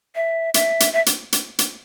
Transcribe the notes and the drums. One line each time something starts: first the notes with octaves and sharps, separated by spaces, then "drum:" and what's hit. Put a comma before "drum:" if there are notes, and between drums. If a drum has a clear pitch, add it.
E5
E5, drum: hi-hat
drum: hi-hat
E5
drum: hi-hat
drum: hi-hat
drum: hi-hat